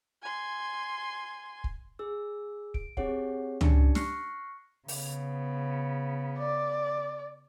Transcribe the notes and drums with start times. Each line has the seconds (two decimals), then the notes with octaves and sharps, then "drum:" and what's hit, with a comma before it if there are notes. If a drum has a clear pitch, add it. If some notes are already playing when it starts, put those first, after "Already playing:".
0.22 G#5 C6
1.64 drum: kick
1.99 G#4 E6
2.74 D7, drum: kick
2.97 C4 G4 G#4 C#5 F#5, drum: kick
3.61 C#4 D4 G4 D5 A5 C#7, drum: tom C#2
3.95 C#6 F6 F#6 A#6 C7 C#7, drum: snare
4.88 C#3 B3, drum: open hi-hat
6.38 D5